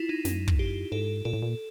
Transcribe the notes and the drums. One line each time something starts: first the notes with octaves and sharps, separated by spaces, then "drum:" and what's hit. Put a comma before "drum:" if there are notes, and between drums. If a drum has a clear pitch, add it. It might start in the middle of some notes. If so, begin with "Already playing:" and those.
Already playing: E4 F4
D#4
F#2 D#4, drum: snare
drum: kick
G4
G#2 A4
A#2 A4
A2
A#2